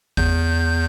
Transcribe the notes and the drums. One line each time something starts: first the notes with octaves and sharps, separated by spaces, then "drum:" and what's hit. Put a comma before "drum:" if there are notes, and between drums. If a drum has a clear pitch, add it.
E2 G6, drum: kick G#1